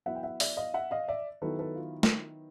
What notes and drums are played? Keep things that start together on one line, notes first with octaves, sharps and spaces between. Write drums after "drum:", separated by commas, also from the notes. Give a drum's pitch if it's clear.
F#3 B3 E4 E5 F#5
G5
E5 F#5
D5 E5, drum: open hi-hat
D#5 F5
E5 F#5
D#5 F5
D5 E5
D#3 F#3 B3 E4 A4 B4
A4 B4
F4
drum: snare